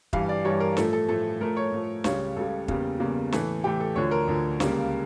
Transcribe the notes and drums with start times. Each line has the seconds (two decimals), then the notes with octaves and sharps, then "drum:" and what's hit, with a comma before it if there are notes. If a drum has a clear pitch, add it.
0.13 G2 E3 G3 F5, drum: kick
0.29 D5
0.45 G2 E3 G3 C#5
0.60 A#4
0.77 A2 F3 A3 A4, drum: snare
0.93 A4
1.08 A2 F3 A3 A4
1.41 A2 F3 A3 A#4
1.57 C#5
1.72 A2 F3 A3
2.04 C#2 C#3 G3 C#5, drum: snare
2.36 C#2 C#3 G3 A4
2.68 E2 C#3 G3 A#3, drum: kick
3.00 E2 C#3 G3 A#3
3.32 A2 E3 A3 A4, drum: snare
3.64 A2 E3 A3 G4
3.80 A4
3.95 D2 D3 F3 C#5
4.11 A#4
4.28 D2 D3 F3
4.60 C#2 C#3 G3 A#3, drum: snare